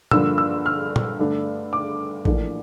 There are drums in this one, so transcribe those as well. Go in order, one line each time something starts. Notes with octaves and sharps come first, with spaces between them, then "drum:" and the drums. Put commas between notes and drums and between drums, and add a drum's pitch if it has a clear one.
G2 D3 F3 A#3 E6, drum: tom
E6
F6
drum: tom
G2 D3 A3 D4
D6
A#1 A2 E3 A#3 D4, drum: kick